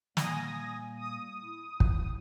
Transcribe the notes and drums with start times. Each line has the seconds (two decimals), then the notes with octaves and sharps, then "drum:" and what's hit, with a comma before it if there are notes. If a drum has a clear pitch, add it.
0.17 A#2 G3 A#3 G#5 D#6 A#6, drum: snare
0.96 D#6
1.43 E4
1.80 drum: kick